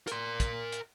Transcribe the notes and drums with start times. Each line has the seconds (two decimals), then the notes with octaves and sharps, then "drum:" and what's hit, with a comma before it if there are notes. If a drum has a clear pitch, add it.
0.07 A#4 C6, drum: hi-hat
0.40 drum: kick, hi-hat
0.72 drum: hi-hat